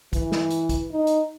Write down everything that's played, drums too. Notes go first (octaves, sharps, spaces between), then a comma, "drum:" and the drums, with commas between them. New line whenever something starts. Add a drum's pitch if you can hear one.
E3, drum: kick, hi-hat
drum: snare
drum: hi-hat
drum: kick, hi-hat
D#4
drum: hi-hat